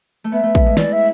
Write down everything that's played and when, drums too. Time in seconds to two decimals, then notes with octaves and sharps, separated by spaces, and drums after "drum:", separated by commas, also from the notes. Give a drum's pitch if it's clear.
0.24 A3
0.32 B3 E5
0.43 A3
0.55 drum: kick
0.66 G#3
0.77 E4 D5, drum: snare
0.92 E5